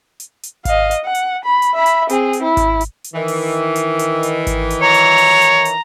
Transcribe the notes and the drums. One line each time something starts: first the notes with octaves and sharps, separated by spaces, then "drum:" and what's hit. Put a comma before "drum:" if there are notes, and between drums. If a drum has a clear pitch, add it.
drum: hi-hat
drum: hi-hat
D#5 F5, drum: kick G#1, hi-hat
drum: hi-hat
F#5
drum: hi-hat
B5
drum: hi-hat
E5 B5
drum: hi-hat
C4 G#4, drum: hi-hat
drum: hi-hat
E4
drum: kick G#1, hi-hat
drum: hi-hat
drum: hi-hat
D#3 E3
drum: open hi-hat
drum: hi-hat
drum: hi-hat
drum: hi-hat
drum: kick G#1, hi-hat
drum: hi-hat
C#5 A#5
drum: hi-hat
drum: open hi-hat
drum: hi-hat
drum: hi-hat